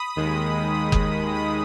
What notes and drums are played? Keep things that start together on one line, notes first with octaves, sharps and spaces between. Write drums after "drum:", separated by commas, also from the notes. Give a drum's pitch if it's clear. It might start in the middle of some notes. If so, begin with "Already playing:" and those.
Already playing: B5 D#6
D#2 D#3 G#3
drum: kick F#1
B5 D#6